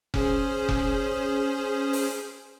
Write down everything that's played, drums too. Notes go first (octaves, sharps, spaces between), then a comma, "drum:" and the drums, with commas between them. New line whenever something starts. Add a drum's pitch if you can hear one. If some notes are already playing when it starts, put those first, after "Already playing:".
C#4 G#4 C5, drum: kick F1
drum: kick F1
drum: open hi-hat